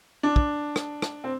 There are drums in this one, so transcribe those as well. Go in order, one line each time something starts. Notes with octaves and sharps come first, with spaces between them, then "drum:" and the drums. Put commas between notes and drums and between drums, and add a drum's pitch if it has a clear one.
D4
drum: kick
drum: rim click
drum: rim click
C4